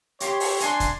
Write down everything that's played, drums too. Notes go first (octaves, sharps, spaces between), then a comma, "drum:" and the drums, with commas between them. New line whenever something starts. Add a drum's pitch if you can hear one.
G4 C#5 C6, drum: hi-hat
drum: open hi-hat
D4 G#5 C6, drum: hi-hat
drum: kick, hi-hat